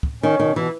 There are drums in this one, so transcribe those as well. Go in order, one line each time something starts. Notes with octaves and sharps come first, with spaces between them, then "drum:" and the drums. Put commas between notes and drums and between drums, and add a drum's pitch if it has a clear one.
drum: kick
D#3 C#4
B2 D#3
B2 E3